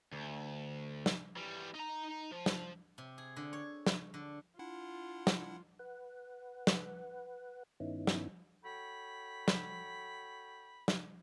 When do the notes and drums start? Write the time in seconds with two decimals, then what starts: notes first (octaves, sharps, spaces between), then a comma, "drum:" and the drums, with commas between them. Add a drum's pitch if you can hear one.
0.12 D2
1.06 drum: snare
1.36 E3 G3
1.75 D#4 A#5
2.32 F3
2.46 drum: snare
2.98 C3
3.18 G#4
3.36 D3
3.53 C#5
3.87 drum: snare
4.14 D3
4.59 D4 E4 F4 F#5
5.27 drum: snare
5.79 B4 F#5
6.67 drum: snare
7.80 G2 D#3 B3 C#4 D#4 E4
8.07 drum: snare
8.64 F#4 A4 C#5 G5 B5
9.48 drum: snare
10.88 drum: snare